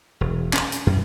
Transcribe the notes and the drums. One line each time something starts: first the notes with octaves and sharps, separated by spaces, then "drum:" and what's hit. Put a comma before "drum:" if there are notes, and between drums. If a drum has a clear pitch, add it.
E1
C#4, drum: clap
drum: hi-hat
F#2